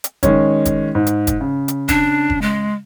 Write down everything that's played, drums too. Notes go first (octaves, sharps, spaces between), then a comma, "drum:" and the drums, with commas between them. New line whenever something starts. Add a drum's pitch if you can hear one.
drum: hi-hat
D#3 G#3 C#4, drum: kick, hi-hat
drum: kick, hi-hat
G#2
drum: hi-hat
drum: kick, hi-hat
C#3
drum: hi-hat
D4, drum: kick, hi-hat
drum: kick
G#3